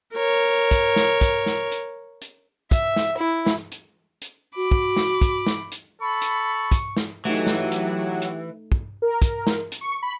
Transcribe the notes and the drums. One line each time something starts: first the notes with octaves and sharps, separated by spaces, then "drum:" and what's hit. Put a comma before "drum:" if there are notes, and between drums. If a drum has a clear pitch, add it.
A#4 C#5
drum: kick, hi-hat
drum: snare
drum: kick, hi-hat
drum: snare
drum: hi-hat
drum: hi-hat
E5, drum: kick, hi-hat
drum: snare
E4
drum: snare
drum: hi-hat
drum: hi-hat
F#4 B5 D6
drum: kick
drum: snare
drum: kick, hi-hat
drum: snare
drum: hi-hat
A4 B5 C#6
drum: hi-hat
drum: kick, hi-hat
drum: snare
E3 F#3 A3 D#4 F#4 G4
drum: snare
drum: hi-hat
drum: hi-hat
drum: kick
A#4
drum: kick, hi-hat
drum: snare
drum: hi-hat
C#6
B5